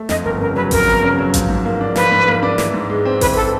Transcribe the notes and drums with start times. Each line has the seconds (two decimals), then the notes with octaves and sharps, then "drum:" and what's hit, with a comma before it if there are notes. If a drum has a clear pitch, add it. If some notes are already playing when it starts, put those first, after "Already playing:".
Already playing: A3
0.09 F2 D#5, drum: snare
0.24 G1 A#4
0.41 C#3 A#4
0.56 F#3 B4
0.71 F2 A#4, drum: kick A1, open hi-hat
0.87 G1
1.03 C#3
1.18 F#3
1.34 F3, drum: kick A1, hi-hat
1.49 G#2
1.65 A#3
1.81 D4
1.96 F3 B4, drum: snare
2.12 G#2
2.27 A#3
2.43 D4
2.58 E3, drum: snare
2.74 G#2
2.90 G#3
3.05 C4
3.21 E3 B4, drum: kick A1, open hi-hat
3.36 A4